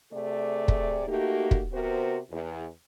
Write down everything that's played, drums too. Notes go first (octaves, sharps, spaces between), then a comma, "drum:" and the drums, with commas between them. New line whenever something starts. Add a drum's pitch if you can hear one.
C3 A3 G#4 D5
drum: kick
A3 A#3 D#4 F#4 G4
drum: kick
C3 B3 F#4 A#4 C5
E2